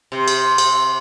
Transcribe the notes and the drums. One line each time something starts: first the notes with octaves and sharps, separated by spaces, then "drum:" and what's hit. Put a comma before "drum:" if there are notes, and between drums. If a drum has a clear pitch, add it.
C3
drum: cymbal
drum: cymbal